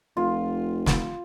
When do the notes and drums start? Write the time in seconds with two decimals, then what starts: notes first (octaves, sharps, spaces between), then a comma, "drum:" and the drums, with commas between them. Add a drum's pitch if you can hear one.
0.17 F1 F4
0.86 drum: snare